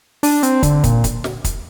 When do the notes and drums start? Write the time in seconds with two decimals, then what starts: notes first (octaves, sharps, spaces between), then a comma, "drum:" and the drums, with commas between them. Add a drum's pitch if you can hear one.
0.23 D4, drum: open hi-hat
0.43 C4, drum: hi-hat
0.63 D3, drum: kick, hi-hat
0.84 A#2, drum: kick, hi-hat
1.04 drum: kick, hi-hat
1.24 drum: snare
1.44 drum: kick, hi-hat